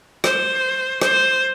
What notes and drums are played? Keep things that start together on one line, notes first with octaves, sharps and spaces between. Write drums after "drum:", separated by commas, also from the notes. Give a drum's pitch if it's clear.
C5, drum: rim click
C5, drum: rim click